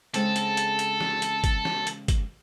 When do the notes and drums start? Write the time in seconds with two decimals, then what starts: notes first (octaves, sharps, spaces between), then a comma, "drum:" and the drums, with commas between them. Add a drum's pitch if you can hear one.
0.14 C#3 G#3 C4 A4, drum: hi-hat
0.36 drum: hi-hat
0.57 drum: hi-hat
0.79 drum: hi-hat
1.01 drum: snare
1.22 drum: hi-hat
1.44 drum: kick, hi-hat
1.65 drum: snare
1.87 drum: hi-hat
2.08 drum: kick, hi-hat